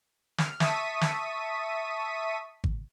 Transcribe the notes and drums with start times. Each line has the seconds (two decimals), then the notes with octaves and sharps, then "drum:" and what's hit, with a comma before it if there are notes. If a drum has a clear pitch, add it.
0.38 F6, drum: snare
0.60 E5 A5 C#6 D#6 B6 D#7, drum: snare
1.01 drum: snare
2.64 drum: kick G#1